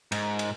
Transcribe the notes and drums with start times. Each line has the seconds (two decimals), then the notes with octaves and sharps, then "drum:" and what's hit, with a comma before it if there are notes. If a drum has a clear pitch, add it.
0.12 G#2, drum: cymbal
0.39 drum: cymbal